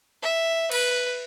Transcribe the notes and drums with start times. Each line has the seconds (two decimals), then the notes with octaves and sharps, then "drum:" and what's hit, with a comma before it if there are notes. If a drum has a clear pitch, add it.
0.22 E5
0.72 B4, drum: cymbal